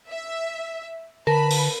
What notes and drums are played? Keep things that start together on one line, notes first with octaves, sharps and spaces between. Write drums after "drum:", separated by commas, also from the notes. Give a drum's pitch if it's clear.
E5
D3 A#4 B4 A5 B5
drum: open hi-hat